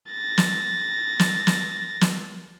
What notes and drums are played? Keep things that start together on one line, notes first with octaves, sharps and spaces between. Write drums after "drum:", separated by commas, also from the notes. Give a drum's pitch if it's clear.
A6 A#6
drum: snare
drum: snare
drum: snare
drum: snare